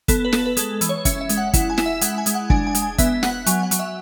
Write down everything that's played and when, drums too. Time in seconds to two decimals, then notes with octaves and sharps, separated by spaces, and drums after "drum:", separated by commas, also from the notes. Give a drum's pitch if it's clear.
0.08 B3 A4, drum: kick, hi-hat
0.25 B4
0.32 B3 A4, drum: snare
0.46 B4
0.57 G#3 A4, drum: hi-hat
0.81 E3, drum: hi-hat
0.89 C#5
1.05 C#4 E5, drum: kick, hi-hat
1.21 E5
1.29 G#3, drum: hi-hat
1.37 F#5
1.53 E4 F#5, drum: kick, hi-hat
1.70 G#5
1.78 E4, drum: snare
1.86 E5
2.01 G#3 F#5, drum: hi-hat
2.18 G#5
2.26 G#3, drum: hi-hat
2.34 F#5
2.50 D4 G#5, drum: kick
2.67 G#5
2.75 G#3, drum: hi-hat
2.82 G#5
2.98 B3 E5, drum: kick, hi-hat
3.23 B3 F#5, drum: snare
3.46 F#3 G#5, drum: hi-hat
3.63 F#5
3.71 F#3, drum: hi-hat
3.79 E5